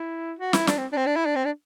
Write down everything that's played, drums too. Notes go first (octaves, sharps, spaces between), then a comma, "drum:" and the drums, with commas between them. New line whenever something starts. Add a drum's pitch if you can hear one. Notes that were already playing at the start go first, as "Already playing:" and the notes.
Already playing: E4
F#4
E4, drum: snare
D4, drum: snare
C4
D4
C4
D4
E4
D4
C4
D4